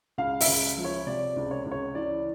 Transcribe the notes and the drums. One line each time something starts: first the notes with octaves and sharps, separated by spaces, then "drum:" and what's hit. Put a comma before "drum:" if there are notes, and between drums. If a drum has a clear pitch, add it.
C#2 F5
E5, drum: open hi-hat
C#2
F3
C#5
C3 D5
C#2
C#5
C#2
C#5
E3 D5